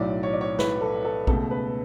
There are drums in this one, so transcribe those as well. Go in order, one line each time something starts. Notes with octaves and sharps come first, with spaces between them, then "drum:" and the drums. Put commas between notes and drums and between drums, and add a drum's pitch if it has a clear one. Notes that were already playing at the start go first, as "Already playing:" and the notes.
Already playing: B1 A2 F#3 D5
C#5
D5
C#5
B4, drum: snare
A4
A4
C#2 B2 A3 A4, drum: kick A#1
B4